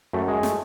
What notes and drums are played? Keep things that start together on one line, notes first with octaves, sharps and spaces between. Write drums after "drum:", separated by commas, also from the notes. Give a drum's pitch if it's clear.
F#2 A3
G#3
A3, drum: snare